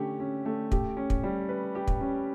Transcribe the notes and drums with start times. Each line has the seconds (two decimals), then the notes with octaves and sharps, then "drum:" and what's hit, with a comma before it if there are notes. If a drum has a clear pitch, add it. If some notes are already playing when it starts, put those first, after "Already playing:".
Already playing: D3 A3 C#4 G4
0.19 C#4
0.45 A3
0.72 G4, drum: kick
0.97 C#4
1.10 drum: kick
1.23 G3
1.49 B4
1.75 G4
1.88 drum: kick
2.01 C#4